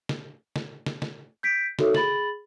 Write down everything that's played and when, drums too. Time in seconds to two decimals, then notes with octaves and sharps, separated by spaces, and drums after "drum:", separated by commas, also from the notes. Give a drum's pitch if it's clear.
0.09 drum: snare
0.56 drum: snare
0.86 drum: snare
1.02 drum: snare
1.43 G6 B6 D7
1.79 D#4 F#4 A4 A#4 C#5 E5, drum: snare
1.94 G#4 B5 A6 F#7, drum: snare